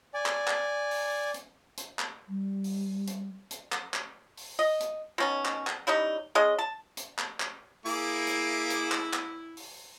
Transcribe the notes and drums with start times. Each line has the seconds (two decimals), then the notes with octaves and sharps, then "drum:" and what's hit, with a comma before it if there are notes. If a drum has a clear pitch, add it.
0.14 D5 G#5
0.26 drum: clap
0.47 drum: clap
0.91 drum: open hi-hat
1.34 drum: hi-hat
1.77 drum: hi-hat
1.99 drum: clap
2.28 G3
2.64 drum: open hi-hat
3.07 drum: hi-hat
3.51 drum: hi-hat
3.72 drum: clap
3.94 drum: clap
4.37 drum: open hi-hat
4.59 D#5
4.80 drum: hi-hat
5.18 B2 C#4 D#4
5.45 drum: clap
5.67 drum: clap
5.87 E3 G3 C#4 D#4
6.35 G#3 C#4 G#4 D#5
6.59 A5
6.97 drum: hi-hat
7.19 drum: clap
7.40 drum: clap
7.85 A#3 E4 G#4 D6, drum: open hi-hat
8.27 drum: hi-hat
8.70 drum: hi-hat
8.92 drum: clap
9.13 drum: clap
9.57 drum: open hi-hat